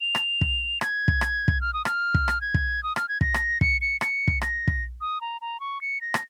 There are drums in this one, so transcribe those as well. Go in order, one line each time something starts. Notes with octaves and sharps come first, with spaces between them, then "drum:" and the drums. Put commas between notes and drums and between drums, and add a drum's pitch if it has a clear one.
F7
drum: rim click
drum: kick
G#6, drum: rim click
drum: kick
drum: rim click
drum: kick
F6
D#6
F6, drum: rim click
drum: kick
drum: rim click
G#6
drum: kick
D#6
F6, drum: rim click
G#6
A#6, drum: kick
drum: rim click
C#7, drum: kick
C#7
C#7, drum: rim click
drum: kick
A#6, drum: rim click
drum: kick
D#6
A#5
A#5
C#6
C#7
A#6
drum: rim click